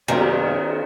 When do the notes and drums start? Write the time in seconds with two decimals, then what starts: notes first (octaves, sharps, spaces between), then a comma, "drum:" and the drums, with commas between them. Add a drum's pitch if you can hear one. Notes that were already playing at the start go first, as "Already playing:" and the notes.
0.08 F#2 C3 D#3 A#3 G4 D5, drum: cymbal